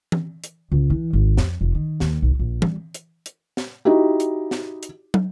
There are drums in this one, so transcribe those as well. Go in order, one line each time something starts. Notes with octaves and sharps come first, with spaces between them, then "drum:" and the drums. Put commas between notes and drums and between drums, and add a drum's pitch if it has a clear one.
drum: tom E3
drum: hi-hat
C#2
E3
G#1
F2, drum: snare
F1
D#3
D#2, drum: snare
B1
A#1
G3, drum: tom E3
drum: hi-hat
drum: hi-hat
drum: snare
D#4 E4 F#4 G4
drum: hi-hat
drum: snare
drum: hi-hat
drum: tom